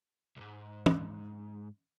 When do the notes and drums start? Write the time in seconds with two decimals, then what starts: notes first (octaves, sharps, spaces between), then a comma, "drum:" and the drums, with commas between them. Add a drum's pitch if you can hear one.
0.36 C2 G#2
0.86 drum: tom